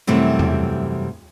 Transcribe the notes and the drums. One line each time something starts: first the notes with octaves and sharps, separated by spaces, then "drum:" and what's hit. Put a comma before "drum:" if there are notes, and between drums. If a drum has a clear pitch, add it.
F#2 C3 E3 G3 A3
drum: tom E2